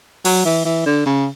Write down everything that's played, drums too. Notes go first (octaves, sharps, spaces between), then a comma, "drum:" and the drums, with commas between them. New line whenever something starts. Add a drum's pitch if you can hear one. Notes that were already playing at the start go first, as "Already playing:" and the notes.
F#3, drum: open hi-hat
E3
E3
D3
C#3